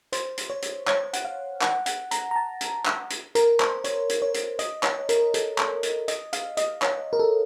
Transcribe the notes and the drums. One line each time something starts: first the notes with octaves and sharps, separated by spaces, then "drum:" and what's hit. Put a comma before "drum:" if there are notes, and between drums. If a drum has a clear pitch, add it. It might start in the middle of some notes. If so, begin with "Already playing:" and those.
C5, drum: hi-hat
drum: hi-hat
C#5
drum: hi-hat
C#5, drum: clap
F#5, drum: hi-hat
F5
F#5, drum: clap
F#5, drum: hi-hat
A#5, drum: hi-hat
A#5
A5
drum: hi-hat
drum: clap
drum: hi-hat
A#4, drum: hi-hat
C5, drum: clap
C#5, drum: hi-hat
drum: hi-hat
C#5
drum: hi-hat
D#5, drum: hi-hat
C#5, drum: clap
A#4, drum: hi-hat
A4, drum: hi-hat
drum: clap
drum: hi-hat
D#5, drum: hi-hat
F5, drum: hi-hat
D#5, drum: hi-hat
C#5, drum: clap
A#4
A4